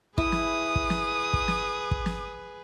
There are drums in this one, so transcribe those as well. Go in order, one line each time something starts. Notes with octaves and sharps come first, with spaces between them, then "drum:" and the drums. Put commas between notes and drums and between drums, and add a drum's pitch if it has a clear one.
E4 G#4 B4 D#6, drum: kick
drum: snare
drum: kick
drum: snare
drum: kick
drum: snare
drum: kick
drum: snare